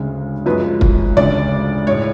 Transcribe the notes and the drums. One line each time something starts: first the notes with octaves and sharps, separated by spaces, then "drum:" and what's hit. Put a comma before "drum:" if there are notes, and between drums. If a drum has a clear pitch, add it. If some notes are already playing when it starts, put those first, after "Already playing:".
Already playing: D2 C#3 G#3
F#2 F3 G#3 B4
drum: kick
D2 C#3 G#3 D5
A2 G#3 C#5